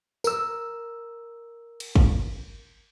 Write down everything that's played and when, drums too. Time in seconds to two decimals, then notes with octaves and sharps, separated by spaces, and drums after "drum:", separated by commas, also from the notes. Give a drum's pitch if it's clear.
0.24 A#4 E6, drum: tambourine
1.80 drum: cymbal
1.96 drum: kick